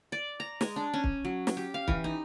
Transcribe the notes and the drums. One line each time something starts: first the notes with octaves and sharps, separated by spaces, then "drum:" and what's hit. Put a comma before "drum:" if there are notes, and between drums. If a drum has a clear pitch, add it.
D5
A#5
G#3, drum: snare
D4
C#4
drum: kick
F#3
drum: snare
G4
F5
E3, drum: kick
D#4